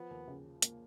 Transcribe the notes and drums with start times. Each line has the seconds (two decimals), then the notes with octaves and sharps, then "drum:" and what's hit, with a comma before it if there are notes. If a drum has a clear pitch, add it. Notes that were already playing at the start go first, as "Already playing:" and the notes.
Already playing: F3 B3
0.10 D#2
0.28 C#3
0.45 F3
0.62 A#3, drum: hi-hat